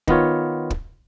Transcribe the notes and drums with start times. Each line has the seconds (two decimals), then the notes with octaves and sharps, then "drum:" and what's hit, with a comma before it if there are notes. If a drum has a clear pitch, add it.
0.08 D#3 B3 F4 C#5, drum: kick
0.70 drum: kick